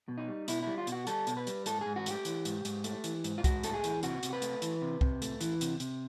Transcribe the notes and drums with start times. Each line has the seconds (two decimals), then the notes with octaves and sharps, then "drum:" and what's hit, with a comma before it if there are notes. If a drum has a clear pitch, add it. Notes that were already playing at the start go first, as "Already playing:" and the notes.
0.08 B2
0.18 D#4
0.28 G3
0.48 B2 E4, drum: hi-hat
0.62 G3 E4
0.78 F4
0.87 B2 F#4, drum: hi-hat
1.07 G3 A4, drum: hi-hat
1.27 B2, drum: hi-hat
1.37 B4
1.47 G3, drum: hi-hat
1.66 G#2 A4, drum: hi-hat
1.81 G#2 G#4
1.96 F#4
2.06 A3 G4, drum: hi-hat
2.25 E3, drum: hi-hat
2.45 G#2, drum: hi-hat
2.65 G#2, drum: hi-hat
2.84 A3, drum: hi-hat
3.04 E3, drum: hi-hat
3.24 G#2, drum: hi-hat
3.38 F4
3.44 G#2 F#4, drum: kick C2, hi-hat
3.63 A3 A4, drum: hi-hat
3.74 G#4
3.84 E3, drum: hi-hat
4.03 C3 F#4, drum: hi-hat
4.23 C3, drum: hi-hat
4.33 B4
4.42 A3, drum: hi-hat
4.62 E3, drum: hi-hat
4.82 C3
5.01 C3, drum: kick C2
5.22 A3, drum: hi-hat
5.41 E3, drum: hi-hat
5.61 C3, drum: hi-hat
5.80 C3, drum: hi-hat